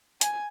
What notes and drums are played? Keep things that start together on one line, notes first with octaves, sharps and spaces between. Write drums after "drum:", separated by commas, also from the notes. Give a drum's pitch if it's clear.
G#5, drum: hi-hat